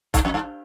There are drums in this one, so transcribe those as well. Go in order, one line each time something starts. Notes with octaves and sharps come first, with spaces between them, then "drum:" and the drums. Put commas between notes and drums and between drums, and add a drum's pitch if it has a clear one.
G2, drum: kick, hi-hat
F2
G2